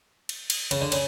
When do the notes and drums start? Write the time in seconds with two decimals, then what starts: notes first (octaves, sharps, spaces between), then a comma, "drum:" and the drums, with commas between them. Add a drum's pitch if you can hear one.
0.29 drum: cymbal
0.50 drum: cymbal
0.71 C#3, drum: cymbal
0.81 D3
0.92 C#3, drum: cymbal